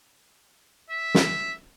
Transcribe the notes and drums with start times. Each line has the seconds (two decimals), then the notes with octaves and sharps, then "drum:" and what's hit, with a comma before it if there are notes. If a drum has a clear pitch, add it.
0.90 E5
1.15 drum: snare